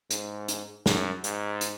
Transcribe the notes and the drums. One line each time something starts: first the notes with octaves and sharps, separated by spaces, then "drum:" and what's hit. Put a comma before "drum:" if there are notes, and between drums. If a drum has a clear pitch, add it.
G#2, drum: hi-hat
drum: hi-hat
F#2, drum: snare
G#2, drum: hi-hat
drum: hi-hat